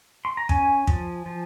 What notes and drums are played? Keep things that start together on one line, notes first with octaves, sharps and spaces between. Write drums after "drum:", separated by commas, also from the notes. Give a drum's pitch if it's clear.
C6
A#5
C#4 G#5, drum: kick
F3, drum: kick
F3